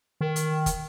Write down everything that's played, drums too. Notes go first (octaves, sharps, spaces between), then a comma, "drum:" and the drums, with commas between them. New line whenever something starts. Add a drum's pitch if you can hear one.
D#3
drum: hi-hat
drum: kick, hi-hat